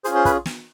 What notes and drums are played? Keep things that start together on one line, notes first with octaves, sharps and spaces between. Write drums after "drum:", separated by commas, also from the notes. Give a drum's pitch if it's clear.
C#4 F4 G#4 C5 C6, drum: hi-hat
C5 C6
B4 B5, drum: kick, hi-hat
drum: snare